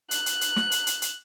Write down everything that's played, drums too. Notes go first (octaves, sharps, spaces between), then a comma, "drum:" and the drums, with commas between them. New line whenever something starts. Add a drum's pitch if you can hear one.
F#6, drum: hi-hat
drum: hi-hat
drum: hi-hat
drum: snare
drum: hi-hat
drum: hi-hat
drum: hi-hat